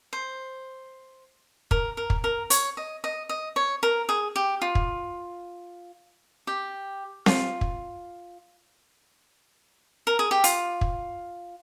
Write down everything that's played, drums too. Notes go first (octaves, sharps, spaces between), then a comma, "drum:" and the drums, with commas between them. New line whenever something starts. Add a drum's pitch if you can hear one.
C5
A#4, drum: kick
A#4
drum: kick
A#4
C#5, drum: hi-hat
D#5
D#5
D#5
C#5
A#4
G#4
G4
F4
drum: kick
G4
F4, drum: snare C4
drum: kick
A#4
G#4
G4
F4, drum: hi-hat
drum: kick